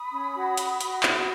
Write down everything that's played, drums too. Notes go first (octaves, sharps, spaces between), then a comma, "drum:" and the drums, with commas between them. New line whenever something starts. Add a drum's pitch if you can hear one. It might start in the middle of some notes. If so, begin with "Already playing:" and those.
Already playing: B5 D#6
C#4
F#4
F#4, drum: hi-hat
F#4, drum: hi-hat
F#4, drum: clap